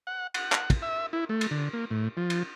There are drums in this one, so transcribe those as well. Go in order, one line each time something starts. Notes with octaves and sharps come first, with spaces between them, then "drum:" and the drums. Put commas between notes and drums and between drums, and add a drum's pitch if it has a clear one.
F#5
F#5, drum: cymbal
drum: clap
drum: kick, cymbal
E5
E4
A3
drum: cymbal
D3
A#3
A2
F3
drum: cymbal